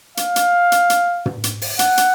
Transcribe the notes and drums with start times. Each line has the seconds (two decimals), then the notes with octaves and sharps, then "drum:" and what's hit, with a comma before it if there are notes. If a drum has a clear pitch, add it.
0.17 F5, drum: hi-hat
0.36 drum: hi-hat
0.72 drum: hi-hat
0.90 drum: hi-hat
1.26 drum: tom
1.44 drum: hi-hat
1.62 drum: open hi-hat
1.79 F#5, drum: hi-hat
1.97 drum: hi-hat